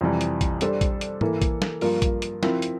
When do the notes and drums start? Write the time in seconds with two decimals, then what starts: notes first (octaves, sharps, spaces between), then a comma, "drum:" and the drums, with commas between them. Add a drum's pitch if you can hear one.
0.01 F2 C3 E3 G3
0.21 drum: hi-hat
0.41 drum: kick A#1, hi-hat
0.61 G3 D4 A4 C5, drum: hi-hat
0.81 drum: kick A#1, hi-hat
1.01 drum: hi-hat
1.21 E3 A#3 E4 A4, drum: tom
1.42 drum: kick A#1, hi-hat
1.62 drum: snare
1.81 G2 F3 A#3 F4 A#4, drum: open hi-hat
2.02 drum: kick A#1, hi-hat
2.22 drum: hi-hat
2.43 F3 C4 E4 A#4, drum: snare
2.62 drum: hi-hat